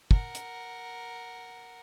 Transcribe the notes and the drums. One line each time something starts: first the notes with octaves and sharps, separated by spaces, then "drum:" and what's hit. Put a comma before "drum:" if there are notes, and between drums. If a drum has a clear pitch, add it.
A#4 F#5, drum: kick
drum: hi-hat